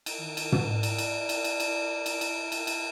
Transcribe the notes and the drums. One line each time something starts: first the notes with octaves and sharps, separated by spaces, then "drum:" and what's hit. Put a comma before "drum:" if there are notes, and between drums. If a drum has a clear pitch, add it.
drum: cymbal
D#3
drum: cymbal
drum: tom
D5
drum: cymbal
drum: cymbal
drum: cymbal
drum: cymbal
drum: cymbal
drum: cymbal
drum: cymbal
drum: cymbal
drum: cymbal